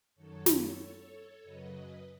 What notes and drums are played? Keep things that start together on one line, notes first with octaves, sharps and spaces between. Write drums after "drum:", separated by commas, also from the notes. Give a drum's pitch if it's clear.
F#2 D#3 F#3 A4 C#5
drum: snare
F#2 C#3 F#3 B4 D#5